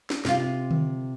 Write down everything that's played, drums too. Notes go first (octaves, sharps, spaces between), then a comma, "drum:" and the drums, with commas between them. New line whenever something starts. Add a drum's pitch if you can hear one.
drum: snare
C3 F4, drum: snare
drum: tom D3